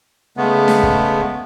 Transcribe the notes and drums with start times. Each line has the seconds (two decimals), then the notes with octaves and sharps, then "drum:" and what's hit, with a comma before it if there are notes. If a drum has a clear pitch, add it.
0.37 C#3 G#3 A3 B3
0.68 drum: snare
0.83 drum: kick